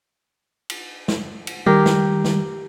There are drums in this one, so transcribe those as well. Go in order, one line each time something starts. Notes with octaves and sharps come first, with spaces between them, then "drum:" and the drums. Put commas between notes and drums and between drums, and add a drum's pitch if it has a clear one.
drum: cymbal
drum: snare
drum: cymbal
D#3 G3 G4 A#4
drum: snare
drum: snare